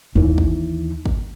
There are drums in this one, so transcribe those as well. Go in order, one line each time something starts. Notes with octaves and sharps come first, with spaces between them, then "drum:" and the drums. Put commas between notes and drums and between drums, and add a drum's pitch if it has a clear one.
D#2 E3
drum: kick
drum: kick